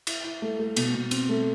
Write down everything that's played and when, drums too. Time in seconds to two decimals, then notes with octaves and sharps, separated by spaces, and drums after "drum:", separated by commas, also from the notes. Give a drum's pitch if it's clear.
0.07 E4, drum: cymbal
0.24 E4
0.42 A3
0.59 A3
0.77 B2, drum: cymbal
0.95 B2
1.11 C4, drum: cymbal
1.29 A3